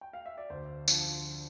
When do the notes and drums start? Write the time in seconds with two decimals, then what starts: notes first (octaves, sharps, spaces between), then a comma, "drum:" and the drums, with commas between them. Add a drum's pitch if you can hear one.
0.01 G5
0.13 F5
0.26 E5
0.38 D5
0.50 D2 C5
0.88 D3 F3, drum: tambourine